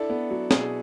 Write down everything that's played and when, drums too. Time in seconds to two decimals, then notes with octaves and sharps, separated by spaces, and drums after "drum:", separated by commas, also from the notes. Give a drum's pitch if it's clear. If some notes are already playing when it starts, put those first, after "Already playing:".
Already playing: D4 E4 A4
0.10 B3
0.30 F#3
0.51 B2 G#4, drum: snare